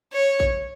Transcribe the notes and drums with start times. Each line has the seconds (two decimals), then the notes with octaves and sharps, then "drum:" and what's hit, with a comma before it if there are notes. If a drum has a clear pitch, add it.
0.13 C#5
0.40 drum: kick